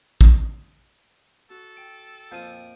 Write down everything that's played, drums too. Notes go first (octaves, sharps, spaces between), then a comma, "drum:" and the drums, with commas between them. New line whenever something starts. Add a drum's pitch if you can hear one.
drum: kick
F#4 A4
G5 D7
F2 A#2 F3 G6 D#7